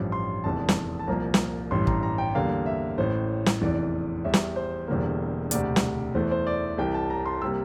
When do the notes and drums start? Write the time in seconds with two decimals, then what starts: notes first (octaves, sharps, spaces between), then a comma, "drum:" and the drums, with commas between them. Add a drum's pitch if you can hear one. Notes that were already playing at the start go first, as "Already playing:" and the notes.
Already playing: A1 G2 F3
0.12 C6
0.44 F1 E2 E3 A5
0.69 drum: snare
0.99 A5
1.07 C2 A#2 F3 A#3 A#5
1.34 drum: snare
1.71 A1 G2 E3 G3 C6
1.87 A#5, drum: kick
2.03 A#5
2.18 G5
2.35 E2 D3 G3 A#3 F5
2.66 E5
2.98 A1 A2 E3 C5
3.46 drum: snare
3.61 F1 E2 E3 D5
4.24 E2 E3 G3 E5
4.34 drum: snare
4.56 C5
4.88 E1 E2 D3 G3 A#3
5.51 E1 D2 C3 D5, drum: hi-hat
5.76 drum: snare
6.15 E2 E3 A3 C5
6.31 C5
6.47 D5
6.78 C2 C3 E3 G5
6.94 A5
7.10 A#5
7.26 C6
7.42 C3 G3 A#3 E6